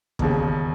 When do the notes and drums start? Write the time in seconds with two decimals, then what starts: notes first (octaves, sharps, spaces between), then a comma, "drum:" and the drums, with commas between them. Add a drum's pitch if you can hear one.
0.19 E1 D#2 C#3, drum: kick